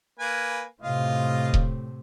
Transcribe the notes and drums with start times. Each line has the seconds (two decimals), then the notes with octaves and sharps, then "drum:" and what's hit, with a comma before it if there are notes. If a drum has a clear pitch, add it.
0.19 A#3 B4 G#5
0.82 A2 C3 F4 D#5 F5
1.54 drum: kick D#1